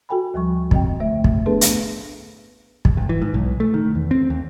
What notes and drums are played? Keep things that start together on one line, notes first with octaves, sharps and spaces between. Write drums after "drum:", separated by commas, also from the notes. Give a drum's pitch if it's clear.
F#4 A4 G5 G#5 B5
D2 F3 G3 C#6
C4 D#5 G5, drum: kick
D3 A3 E5
drum: kick
A3 B3 D4 G#4 A4 B4
drum: hi-hat
drum: kick
G#1
E3
G#2
B1
A3
D#3
E2
C4
D#2